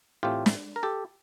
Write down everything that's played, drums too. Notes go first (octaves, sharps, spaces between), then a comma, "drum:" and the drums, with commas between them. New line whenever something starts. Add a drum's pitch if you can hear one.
A2 E3 A3 C4 F4 G4
drum: snare
A#4
G4 A4